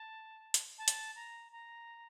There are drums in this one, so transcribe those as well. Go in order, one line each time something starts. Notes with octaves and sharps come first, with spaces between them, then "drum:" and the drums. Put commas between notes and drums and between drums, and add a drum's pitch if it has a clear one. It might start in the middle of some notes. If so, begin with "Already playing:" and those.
Already playing: A5
drum: hi-hat
A5
drum: hi-hat
A#5
A#5